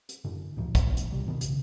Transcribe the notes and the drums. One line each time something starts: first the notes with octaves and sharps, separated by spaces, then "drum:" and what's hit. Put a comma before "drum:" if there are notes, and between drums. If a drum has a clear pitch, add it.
drum: hi-hat
F#2 D3
D2 A#2 F3
drum: kick, hi-hat
F1 D2 A#2 B3
drum: hi-hat
D1 C3 G3
B2 D#3 G3 B3
B1 F#2 C#3, drum: hi-hat